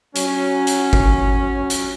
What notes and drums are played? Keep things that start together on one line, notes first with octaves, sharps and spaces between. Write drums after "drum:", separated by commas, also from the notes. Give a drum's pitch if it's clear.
F#3 C#4, drum: hi-hat
drum: hi-hat
drum: kick G1
drum: hi-hat